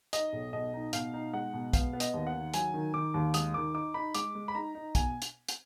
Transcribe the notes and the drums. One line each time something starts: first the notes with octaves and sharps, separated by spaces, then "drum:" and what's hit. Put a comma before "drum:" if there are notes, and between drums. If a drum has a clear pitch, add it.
D#4 D#5, drum: hi-hat
B1
B2 D#5
D#4
B2 F5, drum: hi-hat
D#4
G#3 F#5
B2
B3 F5, drum: kick, hi-hat
B3
D#5, drum: hi-hat
D#2
F#5
D#3
F#3 G#5, drum: hi-hat
D#3
D#3 D6
D#2
G#3 D#6, drum: hi-hat
D#3 D6
D#4 D6
D#4 B5
G#3 D6, drum: hi-hat
G#3
B5
D#4 A#5
D#4
B2 G#5, drum: kick, hi-hat
drum: hi-hat
drum: hi-hat